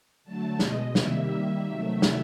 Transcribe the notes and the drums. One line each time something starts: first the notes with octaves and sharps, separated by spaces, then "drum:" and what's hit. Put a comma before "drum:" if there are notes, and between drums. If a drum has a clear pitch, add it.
D3 F#3 A3 A5
B2 G#3 D#5, drum: snare
C3 D#3 G3 A#3 E5, drum: snare
D#3 G3 A#3
C3 D#3 F#3 A3
drum: snare